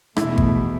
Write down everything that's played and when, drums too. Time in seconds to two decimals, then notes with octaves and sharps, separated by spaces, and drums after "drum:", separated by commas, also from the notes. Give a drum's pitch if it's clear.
0.17 E2 B2 A3 E4, drum: rim click
0.38 drum: kick G#1